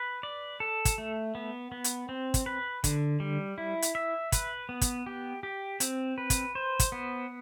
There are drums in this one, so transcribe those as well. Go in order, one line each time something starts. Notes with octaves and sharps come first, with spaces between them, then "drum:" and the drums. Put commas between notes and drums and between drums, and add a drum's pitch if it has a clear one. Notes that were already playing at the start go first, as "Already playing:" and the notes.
Already playing: B4
D5
A4
drum: kick, hi-hat
A3
B3
B3
drum: hi-hat
C4
drum: kick, hi-hat
B4
D3, drum: kick, hi-hat
G3
E4
drum: hi-hat
E5
B4, drum: kick, hi-hat
B3
drum: kick, hi-hat
G4
G4
C4, drum: hi-hat
B4
drum: kick, hi-hat
C5
drum: kick, hi-hat
B3